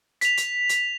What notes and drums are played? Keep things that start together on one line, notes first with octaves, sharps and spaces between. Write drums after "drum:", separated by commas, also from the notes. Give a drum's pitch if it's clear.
B6 F7, drum: hi-hat
drum: hi-hat
drum: hi-hat